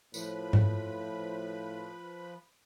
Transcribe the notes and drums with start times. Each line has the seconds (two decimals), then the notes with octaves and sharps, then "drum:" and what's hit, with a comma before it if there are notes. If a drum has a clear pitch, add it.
0.14 A2 F3 B4 B5, drum: tambourine
0.53 drum: tom G#2